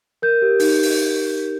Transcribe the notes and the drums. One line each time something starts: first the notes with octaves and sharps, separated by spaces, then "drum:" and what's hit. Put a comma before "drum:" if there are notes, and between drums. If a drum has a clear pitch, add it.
A#4 G6
G4
D#4, drum: open hi-hat
drum: open hi-hat